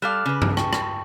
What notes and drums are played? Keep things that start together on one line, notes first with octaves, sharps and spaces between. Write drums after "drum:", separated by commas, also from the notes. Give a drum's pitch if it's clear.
G3 A4 F5 D6 F6 F#6
C#3 B4
drum: tom G2
G5 A5 C#6, drum: rim click
drum: rim click